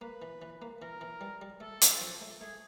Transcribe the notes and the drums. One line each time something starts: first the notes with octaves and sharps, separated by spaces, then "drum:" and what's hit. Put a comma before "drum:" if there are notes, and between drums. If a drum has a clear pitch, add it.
A#3 B4
E3
E3
A#3
E3 A#4
E3
G3
G3
A3 A4
A3, drum: hi-hat
F3
A3
A3 G#4